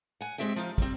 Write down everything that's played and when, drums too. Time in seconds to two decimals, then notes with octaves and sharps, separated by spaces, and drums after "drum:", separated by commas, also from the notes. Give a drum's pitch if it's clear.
0.21 F#5 G#5
0.38 G#3 C4 G4 E5 G5
0.56 F3 D#4 F5
0.78 G3 C4, drum: kick